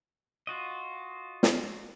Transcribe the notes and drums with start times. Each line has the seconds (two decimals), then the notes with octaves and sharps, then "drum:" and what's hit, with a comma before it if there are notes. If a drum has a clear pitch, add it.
0.47 F4 F#4 D#5
1.43 drum: snare